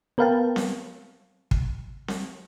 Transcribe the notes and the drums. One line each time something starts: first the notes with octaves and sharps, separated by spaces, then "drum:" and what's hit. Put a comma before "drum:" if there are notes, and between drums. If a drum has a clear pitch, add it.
B3 A#4 B4 F5 G5 A5
drum: snare C4
drum: kick
drum: snare C4